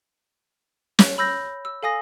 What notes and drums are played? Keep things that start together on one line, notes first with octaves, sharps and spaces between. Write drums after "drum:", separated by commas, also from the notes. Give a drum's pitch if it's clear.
C#5, drum: snare
B5 E6 G6 A#6
E6
A4 F5 G#5 D#6 A#6